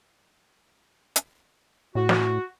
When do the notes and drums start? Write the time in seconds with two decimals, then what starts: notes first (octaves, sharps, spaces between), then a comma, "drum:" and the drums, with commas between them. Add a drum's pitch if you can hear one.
1.16 drum: hi-hat
1.95 A2 F#4
2.09 drum: snare